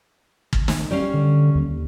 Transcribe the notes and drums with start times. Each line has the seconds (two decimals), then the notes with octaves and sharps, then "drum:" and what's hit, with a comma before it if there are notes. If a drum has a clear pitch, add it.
0.53 drum: kick
0.68 drum: snare
0.91 G3 C#4 F5
1.14 D3
1.55 D#2